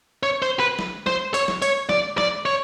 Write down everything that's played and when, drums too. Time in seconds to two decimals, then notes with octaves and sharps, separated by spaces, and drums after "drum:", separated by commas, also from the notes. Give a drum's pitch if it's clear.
0.23 C#5
0.42 C5
0.60 B4
0.79 drum: snare
1.07 C5, drum: snare
1.34 C#5, drum: hi-hat
1.48 drum: snare
1.62 C#5, drum: hi-hat
1.89 D5, drum: snare
2.18 D5, drum: snare
2.45 C#5